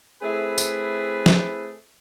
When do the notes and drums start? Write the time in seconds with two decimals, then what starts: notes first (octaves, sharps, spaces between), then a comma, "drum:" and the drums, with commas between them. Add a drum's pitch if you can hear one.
0.23 A3 C4 E4 G#4 B4
0.58 drum: tambourine
1.26 drum: snare